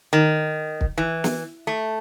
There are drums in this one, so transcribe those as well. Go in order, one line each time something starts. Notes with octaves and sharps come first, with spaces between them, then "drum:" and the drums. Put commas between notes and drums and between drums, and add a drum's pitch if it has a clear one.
D#3
drum: kick
E3
drum: snare
A3